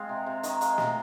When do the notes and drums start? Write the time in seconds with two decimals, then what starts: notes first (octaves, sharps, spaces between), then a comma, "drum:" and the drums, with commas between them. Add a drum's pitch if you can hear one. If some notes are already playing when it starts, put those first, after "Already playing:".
Already playing: G#3 C4 G#4 D#5 F5
0.09 C3
0.26 C3
0.43 D#3 D#5, drum: hi-hat
0.61 G#3 F5, drum: hi-hat
0.78 C3 D#5, drum: snare